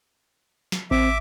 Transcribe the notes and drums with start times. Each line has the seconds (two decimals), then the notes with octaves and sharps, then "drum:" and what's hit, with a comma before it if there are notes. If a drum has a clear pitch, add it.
0.72 drum: snare
0.91 C4 E5 D6, drum: kick A1